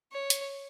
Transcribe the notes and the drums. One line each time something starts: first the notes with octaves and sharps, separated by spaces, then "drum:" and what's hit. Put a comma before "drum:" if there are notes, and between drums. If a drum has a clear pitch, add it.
C#5
drum: hi-hat